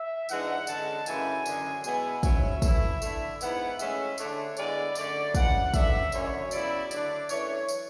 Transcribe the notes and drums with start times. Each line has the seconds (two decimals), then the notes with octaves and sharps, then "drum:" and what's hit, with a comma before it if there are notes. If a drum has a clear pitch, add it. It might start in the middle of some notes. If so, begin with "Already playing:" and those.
Already playing: E5
0.29 G#2 E3 G#3 D4 F#5, drum: tambourine
0.67 D3 G#3 C#4 A5, drum: tambourine
1.06 F#2 C#3 E3 A3 E4 G#5, drum: tambourine
1.46 F#2 D3 G#3 C#4, drum: tambourine
1.84 B2 G#3 B3 E4 G#5, drum: tambourine
2.23 G#2 F#3 C#4 E4 E5, drum: kick, tambourine
2.62 E3 A3 E4, drum: kick, tambourine
3.02 D3 A3 E4, drum: tambourine
3.41 G#2 E3 B3 E4 F#5, drum: tambourine
3.79 A2 G#3 C#4 E5, drum: tambourine
4.18 D3 A3 D4 C#5, drum: tambourine
4.57 D3 G#3 B3 E4 D5, drum: tambourine
4.95 F#2 D3 A3 D5, drum: tambourine
5.34 C#3 E3 G#3 F#5, drum: kick, tambourine
5.74 C#3 E3 A3 D4 E5, drum: kick, tambourine
6.12 F#2 D3 G#3 C#4 C#5, drum: tambourine
6.51 C#3 F#3 B3 E4 D5, drum: tambourine
6.91 D3 A3 D4 D5, drum: tambourine
7.29 F#2 E3 A3 C#5, drum: tambourine
7.68 drum: tambourine